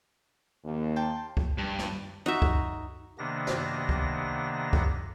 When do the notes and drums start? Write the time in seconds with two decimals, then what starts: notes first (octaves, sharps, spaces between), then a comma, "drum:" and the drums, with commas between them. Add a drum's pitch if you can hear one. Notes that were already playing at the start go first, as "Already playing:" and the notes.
0.64 D#2
0.96 G5 A5 C6
1.37 drum: kick C#2
1.58 G2
1.79 drum: snare
2.26 D#4 F#4 E5
2.42 drum: kick C#2
3.18 C3 D#3 A#3 B3 D4 A#6
3.47 drum: snare
3.89 drum: kick C#2
4.73 drum: kick C#2